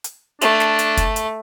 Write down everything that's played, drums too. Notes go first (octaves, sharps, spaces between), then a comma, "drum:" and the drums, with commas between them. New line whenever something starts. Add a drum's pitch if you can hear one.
drum: hi-hat
A3 D4, drum: hi-hat
drum: snare
drum: hi-hat
drum: kick, hi-hat
drum: hi-hat